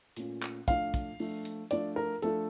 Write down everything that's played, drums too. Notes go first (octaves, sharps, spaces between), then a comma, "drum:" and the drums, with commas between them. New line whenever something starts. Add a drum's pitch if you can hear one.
A#2 A3 C#4 F4, drum: hi-hat
drum: clap
F3 A3 D4 F4 F5, drum: kick, hi-hat
drum: kick, hi-hat
F3 A3 D4 F4, drum: open hi-hat
drum: hi-hat
F3 A3 D4 F4 D5, drum: hi-hat
A#4
F3 A3 D4 F4 A4, drum: hi-hat